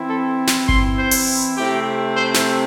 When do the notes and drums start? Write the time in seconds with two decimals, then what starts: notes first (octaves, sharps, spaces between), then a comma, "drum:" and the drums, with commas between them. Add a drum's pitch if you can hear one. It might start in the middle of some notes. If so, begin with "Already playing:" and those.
Already playing: E3 C4 E4
0.10 A4
0.47 drum: snare
0.69 C6, drum: kick G1
0.99 C5
1.11 drum: open hi-hat
1.58 C3 A3 C4 E4 G4
2.17 C5
2.34 drum: snare